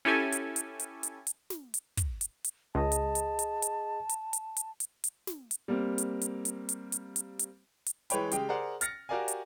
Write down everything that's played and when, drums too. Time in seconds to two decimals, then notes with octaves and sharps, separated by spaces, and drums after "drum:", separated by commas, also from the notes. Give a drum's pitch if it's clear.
0.05 C#4 E4 G4 A4 G#5
0.32 drum: hi-hat
0.56 drum: hi-hat
0.79 drum: hi-hat
1.03 drum: hi-hat
1.27 drum: hi-hat
1.50 drum: snare
1.74 drum: hi-hat
1.97 drum: kick, hi-hat
2.21 drum: hi-hat
2.44 drum: hi-hat
2.75 C#2 G#4 D#5 A5
2.92 drum: hi-hat
3.15 drum: hi-hat
3.39 drum: hi-hat
3.62 drum: hi-hat
4.09 drum: hi-hat
4.33 drum: hi-hat
4.57 drum: hi-hat
4.80 drum: hi-hat
5.04 drum: hi-hat
5.27 drum: snare
5.51 drum: hi-hat
5.68 G3 A#3 C4
5.98 drum: hi-hat
6.21 drum: hi-hat
6.45 drum: hi-hat
6.69 drum: hi-hat
6.92 drum: hi-hat
7.16 drum: hi-hat
7.39 drum: hi-hat
7.86 drum: hi-hat
8.10 E3 G#3 B4 C#5 G5 B5, drum: hi-hat
8.32 C#3 G#3 G4 G5, drum: hi-hat
8.49 G#4 A#4 C5 D5 F#5 A#5
8.81 F6 A6 A#6 C#7, drum: hi-hat
9.09 F#4 G4 A#4 D5 F5 G#5
9.28 drum: hi-hat